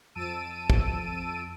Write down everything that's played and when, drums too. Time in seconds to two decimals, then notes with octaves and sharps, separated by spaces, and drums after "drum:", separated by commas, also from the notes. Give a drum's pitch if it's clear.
0.15 F2 A5 E6 D7 D#7
0.70 drum: kick